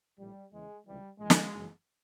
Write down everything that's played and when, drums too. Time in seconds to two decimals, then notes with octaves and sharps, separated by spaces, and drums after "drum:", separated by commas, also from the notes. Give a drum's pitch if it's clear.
0.19 A#1 A2 E3 G3
0.52 E2 C#3 E3 G#3
0.86 C#2 C3 E3 G3
1.19 A#1 G#2 E3 G#3
1.30 drum: snare
1.53 F#1 F#2 C#3 E3